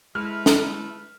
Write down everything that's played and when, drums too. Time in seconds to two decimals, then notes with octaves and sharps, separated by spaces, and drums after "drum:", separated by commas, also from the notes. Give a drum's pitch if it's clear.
0.15 G#3 A3 E4 B4 E5 F6
0.46 drum: snare